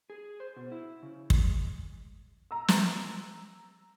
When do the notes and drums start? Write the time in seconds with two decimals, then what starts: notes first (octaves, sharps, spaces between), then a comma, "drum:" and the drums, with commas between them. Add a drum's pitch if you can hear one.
0.10 G#4
0.40 C5
0.56 B2
0.72 E4
1.03 C#3
1.30 G#3, drum: kick
2.51 A#5 E6
2.68 drum: snare